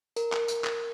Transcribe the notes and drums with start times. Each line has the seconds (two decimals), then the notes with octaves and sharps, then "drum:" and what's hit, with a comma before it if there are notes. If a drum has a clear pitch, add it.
0.16 A#4, drum: tambourine
0.32 drum: clap
0.48 drum: tambourine
0.64 drum: clap